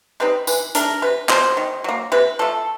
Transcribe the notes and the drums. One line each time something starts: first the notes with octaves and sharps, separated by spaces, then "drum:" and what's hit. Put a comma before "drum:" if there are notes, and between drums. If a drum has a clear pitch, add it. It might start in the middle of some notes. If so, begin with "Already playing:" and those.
G3 C4 D#4 B4
E3 B4, drum: tambourine
A3 D4 A#4, drum: hi-hat
C3 B4
F3 A#3 C5, drum: clap
D#3
F#3 A#3
C3 B4
F3 A3 A4